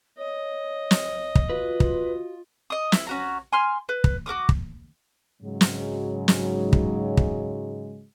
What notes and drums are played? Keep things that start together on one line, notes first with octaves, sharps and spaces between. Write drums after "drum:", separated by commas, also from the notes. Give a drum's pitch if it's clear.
C#5 D#5
drum: snare
drum: kick
F4 F#4 B4
drum: kick
D#5 D#6
E4, drum: snare
C#4 F#4 A#5
G#5 C6 F6
B4
drum: kick
F#4 A#4 D6 D#6
drum: kick
G#2 C#3 F#3 G#3
drum: snare
drum: snare
drum: kick
drum: kick